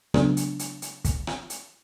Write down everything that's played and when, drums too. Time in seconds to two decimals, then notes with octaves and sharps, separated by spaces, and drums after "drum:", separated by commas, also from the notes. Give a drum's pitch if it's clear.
0.14 C#3 F#3 A3 B3 D4, drum: rim click
0.37 drum: hi-hat
0.59 drum: hi-hat
0.82 drum: hi-hat
1.05 drum: kick, hi-hat
1.27 drum: rim click
1.50 drum: hi-hat